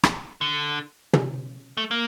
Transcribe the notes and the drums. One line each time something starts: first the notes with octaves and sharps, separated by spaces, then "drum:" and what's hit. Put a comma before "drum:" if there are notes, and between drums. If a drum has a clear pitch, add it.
drum: rim click
D3
drum: tom
A3
A#3